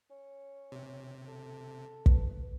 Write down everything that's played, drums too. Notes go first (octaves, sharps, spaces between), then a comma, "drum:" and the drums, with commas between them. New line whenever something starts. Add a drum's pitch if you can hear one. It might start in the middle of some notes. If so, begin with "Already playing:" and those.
C#4
C3
A4
B4, drum: kick